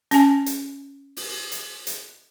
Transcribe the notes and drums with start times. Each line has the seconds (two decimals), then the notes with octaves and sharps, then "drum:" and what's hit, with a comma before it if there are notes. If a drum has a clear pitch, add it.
0.11 C#4 G#5, drum: hi-hat
0.46 drum: hi-hat
1.17 drum: open hi-hat
1.52 drum: hi-hat
1.87 drum: hi-hat